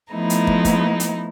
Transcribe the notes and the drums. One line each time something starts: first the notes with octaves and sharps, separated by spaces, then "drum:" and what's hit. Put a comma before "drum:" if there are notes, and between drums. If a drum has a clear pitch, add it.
F3 A3 B3 D#4 E4
drum: hi-hat
drum: kick
drum: kick, hi-hat
drum: hi-hat